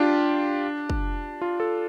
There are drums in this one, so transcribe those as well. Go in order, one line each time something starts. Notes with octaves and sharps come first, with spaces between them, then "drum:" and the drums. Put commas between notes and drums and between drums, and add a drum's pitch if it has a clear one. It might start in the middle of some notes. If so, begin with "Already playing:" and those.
Already playing: D4 F4 G4
drum: kick
F4
A4